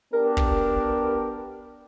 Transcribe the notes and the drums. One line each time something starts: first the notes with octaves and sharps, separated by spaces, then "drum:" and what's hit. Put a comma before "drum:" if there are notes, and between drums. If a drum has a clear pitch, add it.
B3 D4 G4 A#4
drum: kick